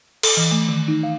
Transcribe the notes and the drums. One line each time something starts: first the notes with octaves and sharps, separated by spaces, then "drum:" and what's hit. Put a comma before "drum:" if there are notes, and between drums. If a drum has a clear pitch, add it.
A4, drum: cymbal
E3
A3
D#3
D#4
F5